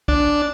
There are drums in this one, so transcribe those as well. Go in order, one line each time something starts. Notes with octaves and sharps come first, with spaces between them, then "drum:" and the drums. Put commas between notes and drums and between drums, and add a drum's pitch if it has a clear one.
D4, drum: kick